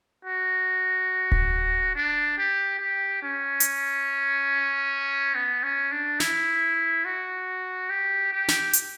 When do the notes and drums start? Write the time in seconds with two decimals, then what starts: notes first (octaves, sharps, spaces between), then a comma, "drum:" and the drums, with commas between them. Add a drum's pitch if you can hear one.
0.25 F#4
1.32 drum: kick D1
1.95 D4
2.38 G4
2.80 G4
3.23 C#4
3.60 drum: hi-hat
5.35 B3
5.63 C#4
5.92 D4
6.20 E4, drum: snare
7.05 F#4
7.90 G4
8.32 G4
8.48 drum: snare
8.73 drum: hi-hat